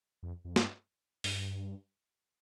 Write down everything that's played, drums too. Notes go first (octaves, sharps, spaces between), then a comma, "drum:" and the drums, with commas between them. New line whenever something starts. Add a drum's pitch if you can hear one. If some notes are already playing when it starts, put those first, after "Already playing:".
F2
F2
G2, drum: snare
G2, drum: open hi-hat